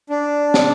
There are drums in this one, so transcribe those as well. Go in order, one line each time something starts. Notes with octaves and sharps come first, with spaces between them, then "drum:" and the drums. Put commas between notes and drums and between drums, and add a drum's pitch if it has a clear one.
D4
drum: snare